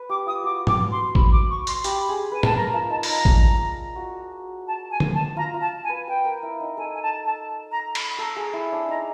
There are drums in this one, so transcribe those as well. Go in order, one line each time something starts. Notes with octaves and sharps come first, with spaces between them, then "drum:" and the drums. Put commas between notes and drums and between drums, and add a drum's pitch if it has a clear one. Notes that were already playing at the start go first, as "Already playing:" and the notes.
Already playing: B4
G4 D6
F4 D#6
F#4 D6
D6, drum: tom G#2
C6
B5, drum: kick A1
D6
C#6
C6, drum: hi-hat
G4 B5, drum: hi-hat
G#4
B4 G#5
A5, drum: tom
A#4 A#5
F4 A5
D#4 A5
B5, drum: open hi-hat
D#4 A#5
D4, drum: kick A1
F#4
A5
G#5
drum: tom
A5
F4 A#5
F4
A5
G#5
B4
B4 G5
A#4
E4
D#4
A4 G#5
G#5
A5
A5
A#5
B5, drum: cymbal
A4 A#5
G#4
E4
D4
D#4 A#5